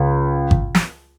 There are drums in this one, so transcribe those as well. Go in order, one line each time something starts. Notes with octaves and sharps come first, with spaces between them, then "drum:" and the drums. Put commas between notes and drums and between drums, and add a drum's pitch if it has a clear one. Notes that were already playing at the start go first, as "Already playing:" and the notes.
Already playing: C#2
drum: kick G#1
drum: snare